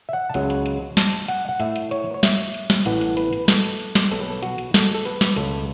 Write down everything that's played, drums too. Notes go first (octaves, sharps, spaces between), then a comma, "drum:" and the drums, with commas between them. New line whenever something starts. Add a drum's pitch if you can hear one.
E5
F#5
A5
C#2 C#3 F#3 F#5, drum: hi-hat
drum: hi-hat
drum: hi-hat
A5, drum: snare
drum: hi-hat
F#5, drum: hi-hat
F#5
A2 A3 E5, drum: hi-hat
drum: hi-hat
C#5, drum: hi-hat
C#5
E5, drum: snare
drum: hi-hat
drum: hi-hat
drum: snare
A1 A2 E3 B3 F#5, drum: hi-hat
drum: hi-hat
B4, drum: hi-hat
drum: hi-hat
A4, drum: snare
drum: hi-hat
drum: hi-hat
drum: snare
B1 B2 F#3 A4, drum: hi-hat
B4
A4
F#4, drum: hi-hat
drum: hi-hat
A4, drum: snare
A4
B4, drum: hi-hat
drum: snare
C#2 B2 F#3 A4, drum: hi-hat